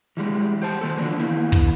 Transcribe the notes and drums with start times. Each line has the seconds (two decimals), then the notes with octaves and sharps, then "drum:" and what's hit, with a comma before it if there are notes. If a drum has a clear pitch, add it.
0.17 E3 G3 G#3
0.62 G4 C5 A5
0.81 D#3 A#3 A4
0.98 D3 E3 F3 A#3 D4
1.19 D#3 A#3 B3 E4, drum: hi-hat
1.52 drum: kick